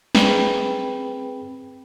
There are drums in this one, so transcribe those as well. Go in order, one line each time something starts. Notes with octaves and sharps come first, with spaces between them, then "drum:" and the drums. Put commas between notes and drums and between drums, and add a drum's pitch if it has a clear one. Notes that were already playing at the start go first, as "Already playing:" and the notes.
C4 G#4 B4 G5 B5, drum: snare